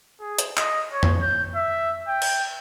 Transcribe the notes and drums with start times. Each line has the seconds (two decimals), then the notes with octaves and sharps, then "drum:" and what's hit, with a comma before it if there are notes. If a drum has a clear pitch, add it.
0.21 G#4
0.38 drum: hi-hat
0.57 D#5, drum: clap
0.93 C#5
1.03 drum: tom F2
1.22 G6
1.55 E5
2.08 G5
2.22 drum: cymbal